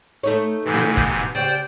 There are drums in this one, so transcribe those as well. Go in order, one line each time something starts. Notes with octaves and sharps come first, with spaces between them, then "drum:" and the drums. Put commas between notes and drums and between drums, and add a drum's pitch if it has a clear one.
A3 D#4 C#5
G#2 C3 E3
drum: snare
B2, drum: kick, hi-hat
drum: hi-hat
C#3 G4 C5 D5 G5